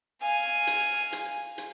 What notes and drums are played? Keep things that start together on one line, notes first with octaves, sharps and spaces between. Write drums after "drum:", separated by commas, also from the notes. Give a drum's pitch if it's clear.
F5 G#5
drum: hi-hat
drum: hi-hat
drum: hi-hat